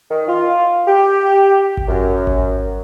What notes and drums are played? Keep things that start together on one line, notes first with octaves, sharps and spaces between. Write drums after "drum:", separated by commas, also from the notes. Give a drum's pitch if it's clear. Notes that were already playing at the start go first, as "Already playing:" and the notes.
D#3
F4
G4
drum: kick G#1
F#2
drum: kick G#1